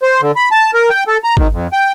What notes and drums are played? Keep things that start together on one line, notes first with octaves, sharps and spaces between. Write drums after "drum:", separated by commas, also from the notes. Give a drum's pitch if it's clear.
C5
D3
B5
A5
A#4
G5
A4
A#5
D#3, drum: kick G#1
F2
G5